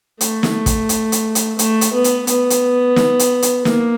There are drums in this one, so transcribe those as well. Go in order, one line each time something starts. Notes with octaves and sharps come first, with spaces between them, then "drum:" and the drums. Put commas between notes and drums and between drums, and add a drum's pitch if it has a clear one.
A3, drum: hi-hat
drum: snare
drum: kick, hi-hat
drum: hi-hat
drum: hi-hat
drum: hi-hat
A3, drum: hi-hat
drum: hi-hat
B3
drum: hi-hat
B3, drum: hi-hat
drum: hi-hat
drum: snare
drum: hi-hat
drum: hi-hat
A#3, drum: snare